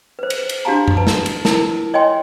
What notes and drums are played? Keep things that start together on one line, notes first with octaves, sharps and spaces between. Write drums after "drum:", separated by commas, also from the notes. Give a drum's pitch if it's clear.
B4 C5
drum: cymbal
drum: cymbal
D4 F#4 G4 F5 A5 A#5
drum: tom F#2
B4 A5
drum: snare
drum: cymbal
E4 F4 A#4 A5, drum: snare
C#5 D#5 G5 G#5 C6